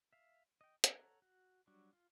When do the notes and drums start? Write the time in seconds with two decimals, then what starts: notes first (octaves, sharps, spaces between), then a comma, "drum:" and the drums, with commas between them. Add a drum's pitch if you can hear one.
0.13 E5 F5
0.61 D#5 G5
0.84 A4 C#5 F#5 A#5, drum: hi-hat
1.22 F#4
1.67 F#3 G3 D4 F#4
1.93 F4